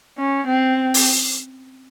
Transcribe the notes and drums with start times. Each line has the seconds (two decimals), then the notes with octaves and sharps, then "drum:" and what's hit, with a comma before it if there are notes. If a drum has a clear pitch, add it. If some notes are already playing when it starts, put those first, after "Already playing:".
0.18 C#4
0.48 C4
0.94 drum: open hi-hat